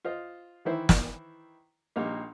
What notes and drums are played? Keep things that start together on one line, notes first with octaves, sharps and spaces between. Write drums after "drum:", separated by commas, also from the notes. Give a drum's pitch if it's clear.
F4 C5 D#5
D#3 E3 E4 C5
drum: snare
A#1 G3 A#3 D#4